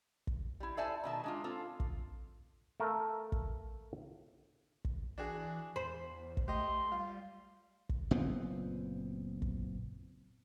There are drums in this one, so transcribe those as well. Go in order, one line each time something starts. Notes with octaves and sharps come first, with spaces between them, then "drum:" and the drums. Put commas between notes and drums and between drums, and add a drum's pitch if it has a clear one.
drum: kick
G3 E4
A4 C5 D5 E5 G#5 A5
B2 D#3 E5 A5
G#3 D4 F4
C4 F4 A4
drum: kick
A3 A4 A#4 F5
drum: kick
drum: kick
E3 D4 F#4 G#4
E2 C5 B5
drum: kick
A3 G4 D#5 C6
G3 F4
drum: kick
F#1 A#2 B3 C4
drum: kick